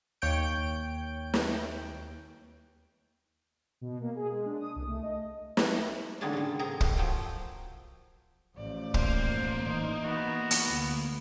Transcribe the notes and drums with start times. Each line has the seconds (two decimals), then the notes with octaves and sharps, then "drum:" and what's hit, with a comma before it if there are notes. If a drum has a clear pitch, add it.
0.22 D#2 C#5 G5 G6 D7
1.34 drum: snare
3.81 B2
4.01 A#3
4.15 G#4
4.32 G#3
4.46 D4
4.60 D#6
4.75 C2
4.87 A3
5.03 D#5
5.57 drum: snare
6.21 D3 D#3 G#3 A#3 C#4 D4
6.33 C#3 F#3
6.59 A2 C3 G#4 A#4 D#5 A#5
6.81 A#3, drum: kick
6.97 F3 F#3 G5
8.57 A1 F3 D5
8.94 A#3 C5, drum: kick
9.64 E3 D#4
10.04 B3 F#4
10.51 drum: hi-hat
10.68 D2